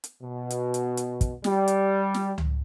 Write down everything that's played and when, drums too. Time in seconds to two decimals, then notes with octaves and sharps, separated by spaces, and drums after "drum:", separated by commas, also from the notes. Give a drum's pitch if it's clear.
0.04 drum: hi-hat
0.22 B2
0.50 drum: hi-hat
0.74 drum: hi-hat
0.97 drum: hi-hat
1.21 drum: kick, hi-hat
1.44 G3, drum: snare
1.68 drum: hi-hat
2.14 drum: snare
2.38 drum: tom C#2